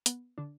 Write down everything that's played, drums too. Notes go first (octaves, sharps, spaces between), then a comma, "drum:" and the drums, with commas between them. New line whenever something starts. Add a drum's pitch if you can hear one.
B3, drum: hi-hat
D3 D4